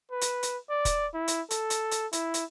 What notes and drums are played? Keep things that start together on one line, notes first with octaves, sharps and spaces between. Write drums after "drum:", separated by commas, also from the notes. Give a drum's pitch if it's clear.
B4
drum: hi-hat
drum: hi-hat
D5
drum: kick, hi-hat
E4
drum: hi-hat
A4, drum: hi-hat
drum: hi-hat
drum: hi-hat
E4, drum: hi-hat
drum: hi-hat